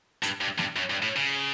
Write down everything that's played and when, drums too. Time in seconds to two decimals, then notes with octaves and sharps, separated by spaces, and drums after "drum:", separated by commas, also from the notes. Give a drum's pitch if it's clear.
0.23 G2, drum: hi-hat
0.41 G2
0.58 G2, drum: snare
0.76 F#2
0.90 G2
1.03 A2
1.16 C#3